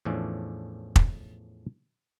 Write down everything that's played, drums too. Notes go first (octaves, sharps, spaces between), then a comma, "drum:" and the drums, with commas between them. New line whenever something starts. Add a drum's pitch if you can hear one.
E2 A2 E3 F3 C#4 D4
drum: kick